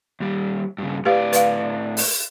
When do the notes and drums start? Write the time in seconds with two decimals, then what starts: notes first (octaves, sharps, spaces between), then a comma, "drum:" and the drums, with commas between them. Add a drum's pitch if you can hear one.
0.20 D#2 G3
0.78 G2 C#3
1.05 A2 G4 B4 D5 F5
1.33 B4 F5, drum: hi-hat
1.97 drum: open hi-hat